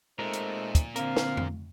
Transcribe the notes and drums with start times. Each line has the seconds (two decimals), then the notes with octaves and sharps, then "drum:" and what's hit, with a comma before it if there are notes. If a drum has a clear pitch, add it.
0.19 A#2 G#3 A3 C4 D#4 A#4
0.33 drum: hi-hat
0.75 drum: kick, hi-hat
0.96 D3 C4 A#4 F5, drum: hi-hat
1.17 drum: snare
1.37 drum: tom F2